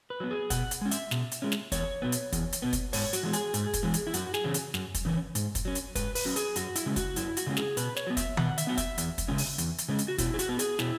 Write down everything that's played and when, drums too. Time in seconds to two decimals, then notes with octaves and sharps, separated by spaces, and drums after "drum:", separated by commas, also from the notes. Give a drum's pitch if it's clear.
0.10 B4
0.20 F#3 B3
0.31 G#4
0.50 B2 F#5, drum: kick, hi-hat
0.71 drum: hi-hat
0.81 G#3 C#4
0.91 E5, drum: hi-hat
1.11 B2, drum: snare
1.32 drum: hi-hat
1.42 G#3 C#4
1.52 drum: snare
1.72 E2 C#5, drum: kick, hi-hat
2.02 B2 B3
2.12 drum: hi-hat
2.32 E2, drum: kick, hi-hat
2.53 drum: hi-hat
2.62 B2 B3
2.73 drum: kick, hi-hat
2.93 G#2 C#5, drum: open hi-hat
3.13 F#4, drum: hi-hat
3.23 E3 G#3
3.33 G#4, drum: hi-hat
3.54 G#2, drum: hi-hat
3.73 drum: kick, hi-hat
3.83 E3 G#3
3.94 drum: hi-hat
4.07 E4
4.14 F#2 F#4, drum: hi-hat
4.34 G#4, drum: snare
4.44 C#3 E3 C#4
4.54 drum: hi-hat
4.74 F#2, drum: snare
4.94 drum: kick, hi-hat
5.05 C#3 E3 C#4
5.35 G#2, drum: hi-hat
5.55 drum: kick, hi-hat
5.65 F#3 C#4
5.75 drum: hi-hat
5.95 G#2 B4, drum: kick, hi-hat
6.15 B4, drum: open hi-hat
6.25 F#3 C#4
6.36 G#4, drum: hi-hat
6.56 F#2 F#4, drum: hi-hat
6.75 E4, drum: hi-hat
6.86 C#3 G#3 C#4
6.96 F#4, drum: kick, hi-hat
7.16 F#2 E4, drum: hi-hat
7.37 F#4, drum: hi-hat
7.47 C#3 G#3 C#4
7.57 G#4, drum: snare
7.77 B2 B4, drum: hi-hat
7.96 C#5, drum: snare
8.07 F#3 B3
8.17 E5, drum: kick, hi-hat
8.37 B2 F#5, drum: tom D#3
8.58 E5, drum: hi-hat
8.67 F#3 B3 F#5
8.77 E5, drum: kick, hi-hat
8.98 E2, drum: hi-hat
9.18 drum: kick, hi-hat
9.28 C#3 G#3 C#4
9.38 drum: open hi-hat
9.58 E2, drum: hi-hat
9.78 drum: hi-hat
9.88 C#3 G#3 C#4
9.99 drum: hi-hat
10.08 F#4
10.18 B2 E4, drum: kick, hi-hat
10.34 G#4
10.39 F#4, drum: hi-hat
10.49 B3
10.59 G#4, drum: hi-hat
10.79 B2 E4, drum: snare